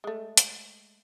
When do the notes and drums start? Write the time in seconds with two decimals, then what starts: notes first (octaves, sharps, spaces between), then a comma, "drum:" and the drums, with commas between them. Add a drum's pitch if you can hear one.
0.04 G#3 A3
0.37 drum: hi-hat